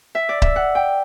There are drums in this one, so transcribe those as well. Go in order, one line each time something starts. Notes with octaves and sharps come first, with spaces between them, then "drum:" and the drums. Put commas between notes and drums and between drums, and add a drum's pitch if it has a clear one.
E5
D5
E5, drum: kick C#1
F#5
G5